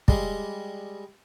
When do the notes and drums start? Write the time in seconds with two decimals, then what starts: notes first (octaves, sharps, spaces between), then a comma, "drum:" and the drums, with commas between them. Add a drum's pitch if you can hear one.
0.08 G3 G#3, drum: kick